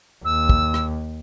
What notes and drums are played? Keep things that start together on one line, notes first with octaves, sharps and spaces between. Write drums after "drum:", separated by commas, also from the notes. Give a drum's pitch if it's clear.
D#2 E6
drum: kick
drum: rim click